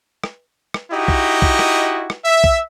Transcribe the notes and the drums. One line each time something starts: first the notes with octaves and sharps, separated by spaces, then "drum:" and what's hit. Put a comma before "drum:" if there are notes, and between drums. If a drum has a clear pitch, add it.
drum: rim click
drum: rim click
D#4 E4 F#4 G4 D#5
drum: kick B1
drum: kick B1
drum: rim click
drum: rim click
E5
drum: kick B1